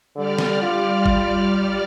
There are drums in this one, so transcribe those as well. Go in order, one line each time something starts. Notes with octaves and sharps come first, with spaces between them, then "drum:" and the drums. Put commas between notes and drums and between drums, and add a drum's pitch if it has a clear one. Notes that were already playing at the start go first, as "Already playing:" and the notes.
D3 G3 D5 F6
drum: snare
F4
drum: kick